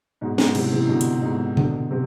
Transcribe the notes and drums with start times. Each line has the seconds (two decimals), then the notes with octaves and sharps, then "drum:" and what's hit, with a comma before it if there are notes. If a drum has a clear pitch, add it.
0.21 G#2 B2
0.38 G#2 B2, drum: snare
0.55 A2 C3, drum: cymbal
0.72 C3 E3
0.89 B2 D3
1.01 drum: hi-hat
1.22 G#2 B2
1.57 B2 D3, drum: tom A#2
1.91 C3